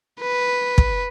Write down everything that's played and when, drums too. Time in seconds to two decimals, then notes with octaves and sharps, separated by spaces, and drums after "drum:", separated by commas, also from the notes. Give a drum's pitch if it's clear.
0.20 B4
0.78 drum: kick